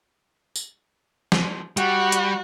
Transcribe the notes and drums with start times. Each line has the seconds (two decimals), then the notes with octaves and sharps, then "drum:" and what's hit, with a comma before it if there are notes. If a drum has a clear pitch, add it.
0.56 drum: tambourine
1.32 drum: snare
1.77 G3 F#4, drum: hi-hat
2.12 drum: hi-hat